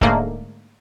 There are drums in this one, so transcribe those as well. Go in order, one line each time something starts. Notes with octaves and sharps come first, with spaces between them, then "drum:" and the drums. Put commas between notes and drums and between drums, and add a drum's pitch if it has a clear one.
G#2 D3 A3 A#3, drum: kick